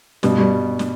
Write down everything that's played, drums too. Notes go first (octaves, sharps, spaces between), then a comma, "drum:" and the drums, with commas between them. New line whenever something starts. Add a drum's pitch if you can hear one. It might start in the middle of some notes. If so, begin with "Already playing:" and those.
G2 B2 G3, drum: snare
G3
drum: snare